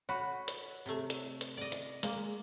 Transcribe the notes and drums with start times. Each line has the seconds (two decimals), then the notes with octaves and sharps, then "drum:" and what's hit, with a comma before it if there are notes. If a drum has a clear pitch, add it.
0.09 F#4 C#5 B5
0.48 drum: hi-hat
0.86 C3 A3
1.10 drum: hi-hat
1.41 drum: hi-hat
1.57 D5 D#5
1.72 drum: hi-hat
2.03 G#3 A#3, drum: hi-hat